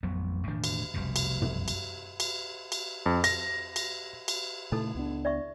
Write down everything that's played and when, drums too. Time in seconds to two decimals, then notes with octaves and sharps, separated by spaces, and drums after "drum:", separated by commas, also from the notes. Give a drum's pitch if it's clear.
0.03 A1 F2 F#3 B3
0.47 E1 A2 D#3 D4
0.64 drum: cymbal
0.94 F1 C2 F#2 B2
1.16 drum: cymbal
1.42 drum: tom
1.68 drum: cymbal
2.20 drum: cymbal
2.72 drum: cymbal
3.06 F2
3.24 A#6, drum: cymbal
3.76 drum: cymbal
4.28 drum: cymbal
4.72 A#2 C#3 A3 D#4 E4 A4
4.95 C#2 B3 D4
5.25 D5 E5 C#6